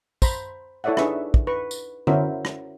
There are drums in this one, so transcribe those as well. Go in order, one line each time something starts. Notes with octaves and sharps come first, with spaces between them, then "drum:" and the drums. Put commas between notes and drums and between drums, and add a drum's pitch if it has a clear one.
C5 A#5 B5, drum: kick, tambourine
E4 A4 C#5 D5 E5 F#5
D4 D#4 G#4 B4 E5 C#6, drum: rim click
drum: kick
B4 C#6
drum: tambourine
C#4 E4 F#4 A#4 C5 E5, drum: tom D3
drum: rim click